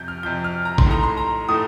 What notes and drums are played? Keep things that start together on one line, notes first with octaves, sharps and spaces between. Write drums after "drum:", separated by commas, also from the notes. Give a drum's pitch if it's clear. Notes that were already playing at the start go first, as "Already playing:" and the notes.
Already playing: F2 C3 G6
F6
F2 C3 F3 G6
F6
A#5
C6, drum: kick A1
A2 A3 D#4 A#5
C6
A#5
A2 A3 D#4 D#6